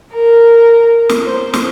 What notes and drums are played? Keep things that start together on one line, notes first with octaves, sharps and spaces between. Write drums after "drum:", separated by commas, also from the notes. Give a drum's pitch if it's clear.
A#4
drum: snare
C5
drum: snare